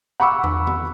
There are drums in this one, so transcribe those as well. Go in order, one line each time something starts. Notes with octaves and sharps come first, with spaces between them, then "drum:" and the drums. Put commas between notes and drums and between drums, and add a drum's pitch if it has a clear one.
F#5 B5 C#6 D6 E6
drum: tom E2
drum: tom